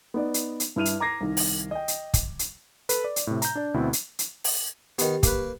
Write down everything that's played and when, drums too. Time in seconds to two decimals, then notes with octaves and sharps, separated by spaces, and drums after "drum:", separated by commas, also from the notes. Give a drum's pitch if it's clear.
0.14 B3 D#4 D5
0.34 drum: hi-hat
0.60 drum: hi-hat
0.76 G2 E4 F6 D#7 F7
0.85 drum: hi-hat
1.00 A#5 D6 G#6 A#6 C7
1.21 C2 D#3
1.37 drum: open hi-hat
1.71 D#5 G5
1.88 drum: hi-hat
2.14 drum: kick, hi-hat
2.39 drum: hi-hat
2.89 A4 B4 B5, drum: hi-hat
3.04 D5
3.16 drum: hi-hat
3.27 A2 C3
3.42 A#5 G6, drum: hi-hat
3.55 D4 D5
3.74 D2 B2 C4 E4
3.93 drum: hi-hat
4.19 drum: hi-hat
4.44 drum: open hi-hat
4.99 D#3 B3 G4, drum: hi-hat
5.23 A#3 B4, drum: kick, hi-hat